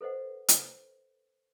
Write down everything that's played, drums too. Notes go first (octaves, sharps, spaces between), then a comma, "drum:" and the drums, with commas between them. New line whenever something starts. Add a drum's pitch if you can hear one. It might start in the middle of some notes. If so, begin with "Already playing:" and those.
A4 B4 C5 D#5 F#5
drum: hi-hat